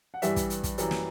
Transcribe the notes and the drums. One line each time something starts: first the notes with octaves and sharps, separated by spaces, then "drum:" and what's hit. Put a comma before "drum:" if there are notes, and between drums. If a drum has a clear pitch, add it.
F#5
G2 E3 G3 E5, drum: hi-hat
drum: kick, hi-hat
drum: hi-hat
drum: kick, hi-hat
F#2 E3 G3, drum: hi-hat
drum: snare